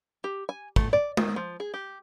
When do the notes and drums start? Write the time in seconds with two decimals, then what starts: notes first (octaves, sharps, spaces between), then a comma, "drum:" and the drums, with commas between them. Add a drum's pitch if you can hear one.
0.24 G4
0.49 G#5
0.76 A3, drum: kick
0.93 D5
1.17 D#3, drum: tom G#3
1.36 F3
1.60 G#4
1.74 G4